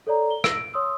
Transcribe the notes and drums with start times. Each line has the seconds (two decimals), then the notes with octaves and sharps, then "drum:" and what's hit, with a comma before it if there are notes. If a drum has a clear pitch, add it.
0.07 A4 C#5 D5 A#5
0.30 G7
0.44 E6 A#6, drum: rim click
0.56 D7
0.74 C#5 C6 D#6 E6